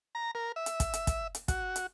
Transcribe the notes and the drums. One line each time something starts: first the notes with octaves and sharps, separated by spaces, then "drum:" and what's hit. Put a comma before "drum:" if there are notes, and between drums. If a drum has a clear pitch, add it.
A#5
A#4
E5
drum: hi-hat
drum: kick, hi-hat
drum: hi-hat
drum: kick, hi-hat
drum: hi-hat
F#4, drum: kick, hi-hat
drum: hi-hat